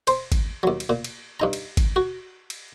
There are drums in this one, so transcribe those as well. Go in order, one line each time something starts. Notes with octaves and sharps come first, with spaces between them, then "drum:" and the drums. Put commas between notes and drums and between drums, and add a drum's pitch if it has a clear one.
C5, drum: cymbal
drum: kick G#1, cymbal
D#2 F#3
drum: cymbal
A#2
drum: cymbal
G2 D#4 A#5
drum: cymbal
drum: kick G#1, cymbal
F#4
drum: cymbal